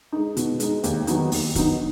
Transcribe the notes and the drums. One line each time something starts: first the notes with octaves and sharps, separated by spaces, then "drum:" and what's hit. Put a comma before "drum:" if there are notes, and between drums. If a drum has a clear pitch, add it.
G#3 D#4
B2, drum: hi-hat
G#3 D#4, drum: hi-hat
D#2, drum: hi-hat
D#3 F#3 B3 D#4, drum: hi-hat
D#2, drum: open hi-hat
D#3 F#3 B3 D#4, drum: kick, hi-hat